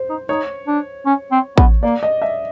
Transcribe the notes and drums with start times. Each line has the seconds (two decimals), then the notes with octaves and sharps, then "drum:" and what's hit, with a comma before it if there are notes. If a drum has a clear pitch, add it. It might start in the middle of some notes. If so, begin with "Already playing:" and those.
Already playing: C5
0.09 D#4
0.29 D#4 C#5
0.67 D4
1.06 C#4
1.31 C4
1.58 B3, drum: kick A1
1.83 A#3 D5
2.03 D#5
2.22 E5